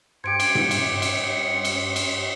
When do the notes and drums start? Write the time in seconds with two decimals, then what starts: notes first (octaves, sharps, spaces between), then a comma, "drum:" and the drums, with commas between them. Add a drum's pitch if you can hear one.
0.24 G2 G4 C5 G#6 C#7 D7
0.40 drum: cymbal
0.55 drum: tom G#2
0.71 drum: cymbal
1.02 drum: cymbal
1.65 drum: cymbal
1.96 drum: cymbal